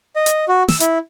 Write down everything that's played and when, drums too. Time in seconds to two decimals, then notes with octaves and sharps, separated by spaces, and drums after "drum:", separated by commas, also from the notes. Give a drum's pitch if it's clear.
0.16 D#5
0.26 drum: hi-hat
0.48 F#4
0.68 E6, drum: snare
0.80 E4, drum: hi-hat